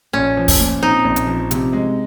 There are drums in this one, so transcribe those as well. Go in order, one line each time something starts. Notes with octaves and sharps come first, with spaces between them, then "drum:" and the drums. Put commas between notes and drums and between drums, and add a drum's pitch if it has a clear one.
A#1 C#4
F3
drum: kick, open hi-hat
A#2
C4 D#4
A#1
drum: hi-hat
F3
C3, drum: hi-hat
G#3